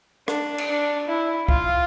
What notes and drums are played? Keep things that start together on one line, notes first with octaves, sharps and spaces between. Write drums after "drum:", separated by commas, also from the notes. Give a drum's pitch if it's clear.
D4, drum: rim click
drum: cymbal
D4
E4
F4, drum: kick C2